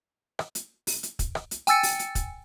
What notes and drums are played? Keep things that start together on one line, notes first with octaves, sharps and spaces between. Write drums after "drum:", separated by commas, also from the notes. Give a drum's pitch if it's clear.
drum: rim click
drum: hi-hat
drum: open hi-hat
drum: hi-hat
drum: kick, hi-hat
drum: rim click
drum: hi-hat
G5 G#5 E6 A6 C#7, drum: hi-hat
drum: open hi-hat
drum: hi-hat
drum: kick, hi-hat